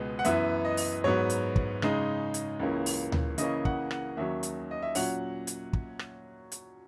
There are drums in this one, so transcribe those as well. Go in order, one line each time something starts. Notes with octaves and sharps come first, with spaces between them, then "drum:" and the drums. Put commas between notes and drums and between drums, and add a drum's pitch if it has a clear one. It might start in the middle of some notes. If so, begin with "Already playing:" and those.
Already playing: C#2 B2 G#3 B3
F#5
F#2 E3 B3 E5, drum: hi-hat
D#5
drum: open hi-hat
G#2 F#3 B3 C#5
drum: hi-hat
drum: kick
C#3 G#3 D#4, drum: rim click
drum: hi-hat
C#2 C#3 E3 A#3 C#4
drum: open hi-hat
drum: tom D2
C#3 E3 A#3 C#4 D#5, drum: hi-hat
F#5, drum: kick
F#5, drum: rim click
D#2 D#3 F#3 C#4 E5
drum: hi-hat
D#5
E5
A#2 F#3 C#4 F#5, drum: open hi-hat
drum: hi-hat
drum: kick
drum: rim click
drum: hi-hat